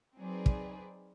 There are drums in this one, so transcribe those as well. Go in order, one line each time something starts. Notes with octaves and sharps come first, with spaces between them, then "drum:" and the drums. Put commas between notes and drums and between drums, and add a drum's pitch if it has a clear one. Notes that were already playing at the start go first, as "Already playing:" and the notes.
F#3 C4 D#4 G#4 B4 D5
drum: kick